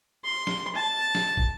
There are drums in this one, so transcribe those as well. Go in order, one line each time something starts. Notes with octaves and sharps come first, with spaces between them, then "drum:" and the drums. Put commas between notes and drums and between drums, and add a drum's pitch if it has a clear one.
C6
drum: snare
A5
drum: snare
drum: kick